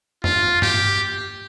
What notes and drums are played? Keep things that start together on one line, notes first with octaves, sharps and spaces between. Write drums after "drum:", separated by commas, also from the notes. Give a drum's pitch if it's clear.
F4, drum: tom F2
G4, drum: tom G2